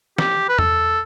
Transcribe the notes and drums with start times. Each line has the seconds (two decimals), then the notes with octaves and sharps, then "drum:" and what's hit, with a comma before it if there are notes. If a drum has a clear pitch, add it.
0.18 G4, drum: snare
0.49 B4
0.59 A4, drum: tom E2